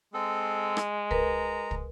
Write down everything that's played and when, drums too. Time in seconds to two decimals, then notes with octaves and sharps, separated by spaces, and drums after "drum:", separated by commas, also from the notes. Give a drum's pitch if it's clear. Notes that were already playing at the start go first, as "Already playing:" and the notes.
0.14 G#3 C4 A4
0.77 drum: rim click
1.11 A#4 B4 A#5, drum: kick
1.71 drum: kick